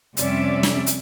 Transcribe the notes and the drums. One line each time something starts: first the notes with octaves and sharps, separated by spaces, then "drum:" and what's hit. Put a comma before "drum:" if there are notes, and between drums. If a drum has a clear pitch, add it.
F2 C3 G3 C#4 D5 E5, drum: hi-hat
drum: snare
drum: hi-hat